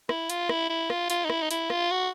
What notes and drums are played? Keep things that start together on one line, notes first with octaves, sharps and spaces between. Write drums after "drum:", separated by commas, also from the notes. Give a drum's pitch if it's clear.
E4, drum: rim click
F4, drum: hi-hat
E4, drum: rim click
E4
F4, drum: rim click
F4, drum: hi-hat
D#4
E4, drum: rim click
D#4
E4, drum: hi-hat
F4, drum: rim click
F#4